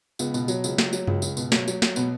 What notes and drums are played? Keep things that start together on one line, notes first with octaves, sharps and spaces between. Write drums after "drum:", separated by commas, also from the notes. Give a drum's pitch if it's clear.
C#2 B3, drum: tambourine
B2, drum: tambourine
F#3, drum: tambourine
C#2, drum: tambourine
F#3, drum: snare
F#3, drum: tambourine
C#2, drum: tom F#2
C#2, drum: tambourine
B2, drum: tambourine
F#3, drum: snare
F#3, drum: tambourine
F#3, drum: snare
B2 B3, drum: tambourine